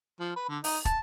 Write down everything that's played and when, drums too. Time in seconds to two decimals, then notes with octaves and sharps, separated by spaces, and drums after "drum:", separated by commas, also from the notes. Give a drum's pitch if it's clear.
0.20 F3
0.36 B4
0.49 D3
0.64 D#4, drum: open hi-hat
0.85 A5, drum: kick